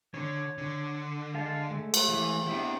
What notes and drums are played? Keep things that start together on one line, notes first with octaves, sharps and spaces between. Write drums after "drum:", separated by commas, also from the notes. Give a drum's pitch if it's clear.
D3 C#5
D3
G#3 F5 A5
G#3 A3
drum: cymbal
E3
B3 D4 E4 G4